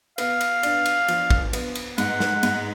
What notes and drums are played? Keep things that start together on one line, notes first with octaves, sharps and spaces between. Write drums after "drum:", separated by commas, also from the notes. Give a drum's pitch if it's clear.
B3 F5, drum: cymbal
drum: cymbal
D4, drum: cymbal
drum: cymbal
F3, drum: cymbal
drum: kick
B3, drum: cymbal
drum: cymbal
G#2 F#5, drum: cymbal
drum: snare
G#2, drum: cymbal